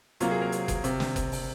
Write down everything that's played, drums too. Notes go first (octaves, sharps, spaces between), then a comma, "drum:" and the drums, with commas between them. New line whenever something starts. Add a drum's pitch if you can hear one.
C3 F#3 A#3 F4, drum: hi-hat
G#4
A#4
drum: hi-hat
drum: kick F#1, hi-hat
C3, drum: hi-hat
drum: snare
drum: kick F#1, hi-hat
drum: open hi-hat